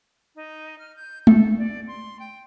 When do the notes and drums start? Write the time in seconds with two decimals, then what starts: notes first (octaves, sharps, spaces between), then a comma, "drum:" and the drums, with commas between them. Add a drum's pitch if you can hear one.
0.36 D#4
0.79 F6
0.96 G6
1.27 A4, drum: tom G#3
1.58 D5
1.87 C6
2.20 G5